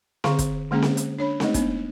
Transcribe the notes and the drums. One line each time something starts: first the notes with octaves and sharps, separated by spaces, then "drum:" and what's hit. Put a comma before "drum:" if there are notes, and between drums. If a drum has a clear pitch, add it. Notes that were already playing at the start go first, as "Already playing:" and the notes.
D3 C4 G#4 F5 A#5 C#6, drum: snare C4
drum: kick, hi-hat
D3 G#3 A#3 C#4 G#4 A#5
drum: snare C4
drum: hi-hat
D4 C#5 B5
G#3 A3 D#4 D#5, drum: snare C4
B3 D4, drum: kick, hi-hat